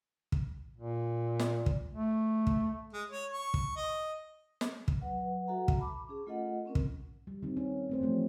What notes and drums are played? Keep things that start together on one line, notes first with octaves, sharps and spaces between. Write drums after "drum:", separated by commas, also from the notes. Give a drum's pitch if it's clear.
drum: kick
A#2
drum: snare
drum: kick
A3
drum: kick
G#3
C#5
C#6
drum: kick
D#5
drum: snare
drum: kick
F#3 B4 F#5
F#4 A4 E5 F#5 A#5
drum: kick
A5 B5 D6
C#4 G#4
A3 F4 A4 D#5 F#5
C4 C#4 A#4
drum: kick
G3
D#3 C4
C#4
A3 C4 C5
E3 F3 A3 G4